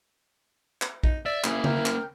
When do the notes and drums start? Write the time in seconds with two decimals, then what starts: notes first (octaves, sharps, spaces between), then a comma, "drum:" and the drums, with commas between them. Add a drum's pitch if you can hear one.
0.82 drum: clap
1.04 D#4, drum: kick
1.26 D5 E5
1.44 A#3 C#4 E4 G#4, drum: clap
1.64 A#4 G5, drum: tom C#3
1.86 drum: clap